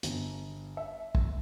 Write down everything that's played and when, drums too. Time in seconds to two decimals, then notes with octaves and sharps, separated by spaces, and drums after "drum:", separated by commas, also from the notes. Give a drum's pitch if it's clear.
0.03 G1, drum: hi-hat
0.77 E5
1.15 drum: kick